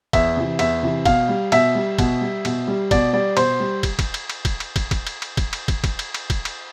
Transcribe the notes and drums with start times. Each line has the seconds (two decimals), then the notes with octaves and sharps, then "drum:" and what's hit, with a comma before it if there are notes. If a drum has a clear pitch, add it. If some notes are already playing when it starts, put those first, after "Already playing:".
0.13 E2 E5, drum: kick, cymbal
0.37 C3 E3
0.59 E2 E5, drum: cymbal
0.83 C3 E3
1.05 B2 F5, drum: kick, cymbal
1.29 G3
1.52 B2 E5, drum: cymbal
1.75 G3
1.99 B2, drum: kick, cymbal
2.21 G3
2.45 B2, drum: cymbal
2.68 G3
2.91 B2 D5, drum: kick, cymbal
3.13 G3 D5
3.37 B2 C5, drum: cymbal
3.60 G3
3.83 drum: kick, cymbal
3.99 drum: kick, cymbal
4.14 drum: cymbal
4.29 drum: cymbal
4.45 drum: kick, cymbal
4.60 drum: cymbal
4.76 drum: kick, cymbal
4.91 drum: kick, cymbal
5.07 drum: cymbal
5.22 drum: cymbal
5.37 drum: kick, cymbal
5.53 drum: cymbal
5.68 drum: kick, cymbal
5.84 drum: kick, cymbal
5.99 drum: cymbal
6.14 drum: cymbal
6.30 drum: kick, cymbal
6.45 drum: cymbal